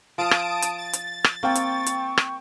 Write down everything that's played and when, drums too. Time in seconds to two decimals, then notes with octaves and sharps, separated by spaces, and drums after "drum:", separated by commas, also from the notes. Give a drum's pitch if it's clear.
0.18 F3 F5 A5 D#6 D7
0.31 drum: rim click
0.62 drum: hi-hat
0.78 A6
0.93 drum: hi-hat
1.24 drum: rim click
1.43 A#3 C4 G5 C#6
1.55 drum: hi-hat
1.86 drum: hi-hat
2.18 drum: rim click